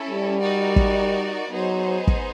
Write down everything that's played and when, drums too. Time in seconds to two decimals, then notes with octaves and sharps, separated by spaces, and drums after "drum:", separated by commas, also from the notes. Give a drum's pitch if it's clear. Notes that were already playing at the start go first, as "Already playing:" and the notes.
Already playing: C#4 E4 A4
0.11 G3
0.39 D#4 F#4 A#4 D5
0.76 drum: kick
1.51 F#3 B3 D#4 G#4 C5
2.07 drum: kick